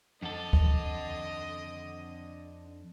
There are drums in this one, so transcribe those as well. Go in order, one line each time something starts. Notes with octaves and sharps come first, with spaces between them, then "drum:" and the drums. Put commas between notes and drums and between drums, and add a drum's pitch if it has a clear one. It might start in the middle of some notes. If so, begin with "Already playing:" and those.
F2 D4 A4 D#5 F#5
drum: kick D2